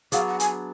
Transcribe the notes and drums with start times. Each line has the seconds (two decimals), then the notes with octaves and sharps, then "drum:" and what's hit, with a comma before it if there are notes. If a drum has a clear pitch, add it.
0.12 F#3 B3 D4 G#4 F5, drum: hi-hat
0.28 F#5
0.40 G#5, drum: hi-hat